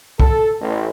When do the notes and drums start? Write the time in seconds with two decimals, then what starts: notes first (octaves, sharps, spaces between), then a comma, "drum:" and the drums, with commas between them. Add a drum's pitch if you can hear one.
0.20 A4, drum: kick
0.61 A1